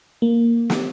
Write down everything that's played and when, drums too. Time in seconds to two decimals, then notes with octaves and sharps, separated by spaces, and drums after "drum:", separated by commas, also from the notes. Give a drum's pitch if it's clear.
0.22 A#3
0.70 drum: snare